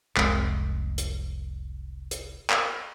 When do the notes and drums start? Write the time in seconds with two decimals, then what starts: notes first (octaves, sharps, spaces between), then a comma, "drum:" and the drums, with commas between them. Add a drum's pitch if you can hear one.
0.17 F1 C2 G#3 C4, drum: clap
0.98 drum: hi-hat
2.11 drum: hi-hat
2.50 drum: clap